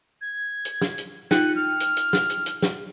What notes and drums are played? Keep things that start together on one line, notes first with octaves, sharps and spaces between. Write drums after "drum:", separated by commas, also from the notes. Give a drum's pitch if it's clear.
G#6
drum: hi-hat
drum: snare
drum: hi-hat
D#4 F4 G5 F#6, drum: snare
F6
drum: hi-hat
drum: hi-hat
drum: snare
drum: hi-hat
drum: hi-hat
drum: snare